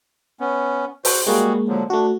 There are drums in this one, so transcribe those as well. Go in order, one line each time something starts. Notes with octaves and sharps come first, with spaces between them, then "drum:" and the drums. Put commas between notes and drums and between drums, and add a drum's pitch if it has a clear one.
B3 C#4
F#4 C5, drum: open hi-hat
G3 G#3 A#3 F#4 G#4
D3 F3 F#3
A3 D4 F#4